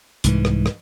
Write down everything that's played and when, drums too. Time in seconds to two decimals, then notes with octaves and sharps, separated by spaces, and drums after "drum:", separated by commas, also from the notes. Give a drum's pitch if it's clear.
0.24 C2 G#2 E3, drum: hi-hat
0.45 drum: rim click
0.66 drum: rim click